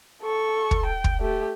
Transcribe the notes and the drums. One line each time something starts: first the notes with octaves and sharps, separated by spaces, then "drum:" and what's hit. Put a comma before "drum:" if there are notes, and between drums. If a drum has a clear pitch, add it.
A4 C#6
drum: kick
G5
drum: kick
A3 G4